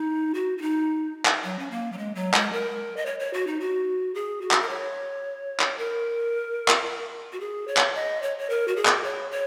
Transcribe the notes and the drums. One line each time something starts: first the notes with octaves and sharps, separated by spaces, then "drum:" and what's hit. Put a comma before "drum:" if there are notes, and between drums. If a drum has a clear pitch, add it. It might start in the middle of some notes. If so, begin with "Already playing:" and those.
Already playing: D#4
F#4
F#4
D#4
drum: clap
F#3
C#4
A#3
F#3
G#3
F#3
G#3, drum: clap
A#4
D#5
C#5
C#5
F#4
D#4
F#4
G#4
F#4
drum: clap
A#4
C#5
drum: clap
A#4
drum: clap
F#4
G#4
C#5
drum: clap
D#5
C#5
C#5
A#4
F#4
G#4
drum: clap
C#5
C#5